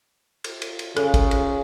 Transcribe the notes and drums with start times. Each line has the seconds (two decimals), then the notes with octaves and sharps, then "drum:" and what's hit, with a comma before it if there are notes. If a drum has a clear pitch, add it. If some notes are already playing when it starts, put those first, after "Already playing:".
0.44 drum: cymbal
0.62 drum: cymbal
0.79 drum: cymbal
0.96 C#3 A4, drum: cymbal
1.14 drum: kick, cymbal
1.31 drum: cymbal